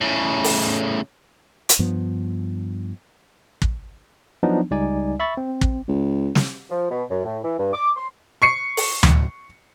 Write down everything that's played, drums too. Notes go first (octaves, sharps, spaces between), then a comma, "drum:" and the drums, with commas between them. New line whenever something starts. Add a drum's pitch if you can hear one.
A2 C#3
drum: open hi-hat
drum: hi-hat
G2 F3 B3
drum: kick
F3 F#3 B3 D4 D#4
C#2 G3 D#4 D5 G#5
E5 B5 C#6 A6
C4
drum: kick
C#2
drum: snare
F3
B2
F#2
A2
E3
G2
D6
C6
C#6 C7 C#7
drum: open hi-hat
drum: tom D2